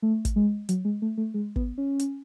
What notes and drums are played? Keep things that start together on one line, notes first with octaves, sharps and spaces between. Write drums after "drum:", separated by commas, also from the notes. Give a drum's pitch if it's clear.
A3
drum: kick, hi-hat
G#3
F#3, drum: hi-hat
G#3
A3
A3
G#3
B3, drum: kick
C#4
drum: hi-hat